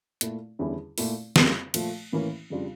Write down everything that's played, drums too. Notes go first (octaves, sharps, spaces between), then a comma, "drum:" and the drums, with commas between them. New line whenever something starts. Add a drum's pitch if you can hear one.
A#2 A3 E4, drum: hi-hat
E2 D3 G3 C#4 E4
A#2 A3 E4, drum: open hi-hat
F2 C#3 G3 A#3, drum: snare
A#2 F3 A3, drum: cymbal
A2 E3 A#3 C#4 E4
F2 C#3 G3 D4 F4